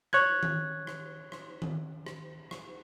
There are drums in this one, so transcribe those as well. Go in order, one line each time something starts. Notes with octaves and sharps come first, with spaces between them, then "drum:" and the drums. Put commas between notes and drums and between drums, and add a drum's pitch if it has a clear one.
C#5 F#6 G#6, drum: rim click
drum: tom D#3
drum: rim click
drum: rim click
drum: tom D#3
drum: rim click
drum: rim click